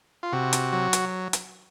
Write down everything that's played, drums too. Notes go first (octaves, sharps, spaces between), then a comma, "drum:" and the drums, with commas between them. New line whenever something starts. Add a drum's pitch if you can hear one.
F4
C3 F#4
drum: hi-hat
F#3
drum: hi-hat
drum: hi-hat